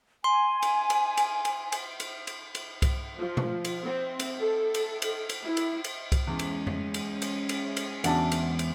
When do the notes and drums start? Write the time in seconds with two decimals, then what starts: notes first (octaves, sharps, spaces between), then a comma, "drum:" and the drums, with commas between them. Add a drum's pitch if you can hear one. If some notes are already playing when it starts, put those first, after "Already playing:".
0.24 G#5 C6
0.62 drum: cymbal
0.90 drum: cymbal
1.17 drum: cymbal
1.45 drum: cymbal
1.72 drum: cymbal
2.00 drum: cymbal
2.27 drum: cymbal
2.55 drum: cymbal
2.82 drum: kick C2, cymbal
3.18 F3
3.37 drum: tom B2
3.65 drum: cymbal
3.84 C4
4.20 drum: cymbal
4.39 A4
4.74 drum: cymbal
5.02 drum: cymbal
5.29 drum: cymbal
5.43 E4
5.57 drum: cymbal
5.84 drum: cymbal
6.12 drum: kick C2, cymbal
6.27 E2 G#3 C#4
6.39 drum: cymbal
6.67 drum: tom F2
6.94 drum: cymbal
7.22 drum: cymbal
7.49 drum: cymbal
7.77 drum: cymbal
8.04 E2 C#3 D4 F#4 F#5 A5, drum: cymbal
8.32 drum: cymbal
8.59 drum: cymbal